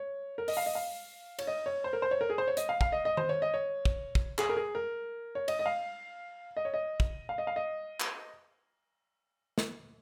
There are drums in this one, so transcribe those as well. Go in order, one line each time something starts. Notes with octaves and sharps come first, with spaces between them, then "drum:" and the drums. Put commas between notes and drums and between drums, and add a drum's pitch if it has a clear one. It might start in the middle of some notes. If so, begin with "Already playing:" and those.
Already playing: C#5
A#4
D#5, drum: open hi-hat
F5
D#5
F5
C#5, drum: cymbal
D#5
C#5
C5
A#4
C5
C#5
A#4
G#4
C5
C#5
D#5, drum: hi-hat
F5
F5, drum: kick
D#5
D#5
C5, drum: tom D#3
C#5
D#5
C#5
drum: kick
drum: kick
G#4, drum: clap
A#4
G#4
A#4
C#5
D#5, drum: cymbal
D#5
F5
D#5
C#5
D#5
drum: kick
F5
D#5
F5
D#5
drum: clap
drum: snare